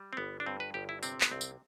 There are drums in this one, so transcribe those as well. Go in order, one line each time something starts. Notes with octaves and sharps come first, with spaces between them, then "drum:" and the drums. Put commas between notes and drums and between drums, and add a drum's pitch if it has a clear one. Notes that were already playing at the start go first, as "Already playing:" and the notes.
Already playing: G3
C4
G1 B3
D4
G2 C4
B4
G1 G4
E4
C3 C4, drum: tambourine
B3, drum: clap
C2 C4
drum: tambourine